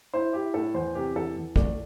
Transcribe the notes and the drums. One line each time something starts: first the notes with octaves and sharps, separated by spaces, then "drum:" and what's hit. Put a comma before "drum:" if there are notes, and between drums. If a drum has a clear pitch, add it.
E4 C5
E4 G4
A2 A4
E2 C5
C3 G4
E2 A4
E2
A3 D5, drum: kick